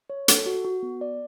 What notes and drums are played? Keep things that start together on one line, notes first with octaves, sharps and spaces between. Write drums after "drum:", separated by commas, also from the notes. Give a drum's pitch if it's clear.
C#5
A4, drum: hi-hat
F#4
F#4
B3
D5